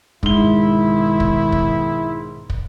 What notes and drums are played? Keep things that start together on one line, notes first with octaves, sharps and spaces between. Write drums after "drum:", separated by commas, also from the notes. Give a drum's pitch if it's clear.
B1 G#2 D#3 E4 G7, drum: kick
drum: kick
drum: kick
drum: kick